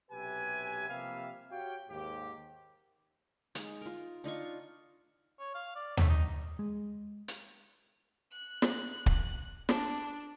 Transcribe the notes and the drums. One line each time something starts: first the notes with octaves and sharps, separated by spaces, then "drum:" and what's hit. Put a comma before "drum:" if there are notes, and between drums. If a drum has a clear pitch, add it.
B1 C3 G4 B4 E5 G#5
C3 F3 G3 A#3 E5 F5
F#4 G4 C#5 F5 G5
D#2 G#2 G4
G#3 D#4, drum: hi-hat
F4 A#4
D4 D#4 F4 C#6
C#5
F5
D5
A3, drum: tom D#2
D#4
G#3
drum: hi-hat
F#6
drum: snare
drum: kick
D4, drum: snare